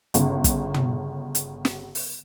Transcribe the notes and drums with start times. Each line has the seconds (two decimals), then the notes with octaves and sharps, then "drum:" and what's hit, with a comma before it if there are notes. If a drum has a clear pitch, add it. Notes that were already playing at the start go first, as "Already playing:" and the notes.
0.14 G1 C#3, drum: hi-hat
0.44 drum: kick, hi-hat
0.74 drum: tom
1.35 drum: hi-hat
1.65 drum: snare
1.95 drum: open hi-hat